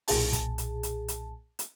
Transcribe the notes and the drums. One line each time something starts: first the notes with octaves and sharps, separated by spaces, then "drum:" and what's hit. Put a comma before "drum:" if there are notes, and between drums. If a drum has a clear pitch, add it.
B1 A#2 G#4 A5, drum: open hi-hat
drum: kick, hi-hat
drum: hi-hat
drum: hi-hat
drum: hi-hat
drum: hi-hat